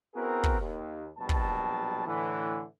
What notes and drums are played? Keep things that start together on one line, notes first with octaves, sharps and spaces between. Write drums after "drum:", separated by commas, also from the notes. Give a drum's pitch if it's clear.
B3 C4 E4 F#4 G#4 A#4
drum: kick
D#2
A#1 B2 F#3 G3 A5
drum: kick
A2 D3 E3